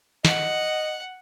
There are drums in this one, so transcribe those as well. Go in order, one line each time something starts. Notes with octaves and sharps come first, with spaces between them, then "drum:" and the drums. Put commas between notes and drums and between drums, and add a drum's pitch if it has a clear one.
D#5 F#5, drum: snare